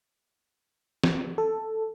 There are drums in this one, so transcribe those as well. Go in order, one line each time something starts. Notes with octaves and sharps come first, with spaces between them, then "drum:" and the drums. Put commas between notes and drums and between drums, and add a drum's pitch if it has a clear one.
drum: snare
A4